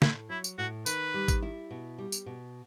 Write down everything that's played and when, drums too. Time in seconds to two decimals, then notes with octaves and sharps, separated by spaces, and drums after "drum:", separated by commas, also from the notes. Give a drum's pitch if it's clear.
0.02 A2 E4, drum: snare
0.30 F#3 E4
0.44 drum: tambourine
0.58 A2 F#4
0.86 D#3 B4, drum: tambourine
1.14 G3
1.28 drum: kick G#1, tambourine
1.42 E4
1.71 B2
1.98 G3
2.12 drum: tambourine
2.26 B2